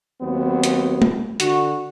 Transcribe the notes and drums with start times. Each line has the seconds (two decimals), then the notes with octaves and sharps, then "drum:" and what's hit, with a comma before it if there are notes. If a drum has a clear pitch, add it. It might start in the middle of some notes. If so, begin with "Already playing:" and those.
0.21 D#2 F#3 B3 C4
0.64 drum: hi-hat
1.02 drum: tom G#3
1.40 D3 F#4, drum: hi-hat